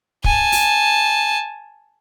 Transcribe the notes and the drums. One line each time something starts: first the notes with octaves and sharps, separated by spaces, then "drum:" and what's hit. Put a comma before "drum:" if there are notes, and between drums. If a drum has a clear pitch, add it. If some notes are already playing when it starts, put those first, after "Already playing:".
G#5 A5, drum: kick
drum: open hi-hat